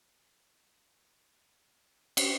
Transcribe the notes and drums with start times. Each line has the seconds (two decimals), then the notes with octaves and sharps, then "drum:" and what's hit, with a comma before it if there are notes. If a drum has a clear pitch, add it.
0.76 B2 B3 E4 C#5
1.70 F#2 E3 B3
2.17 drum: cymbal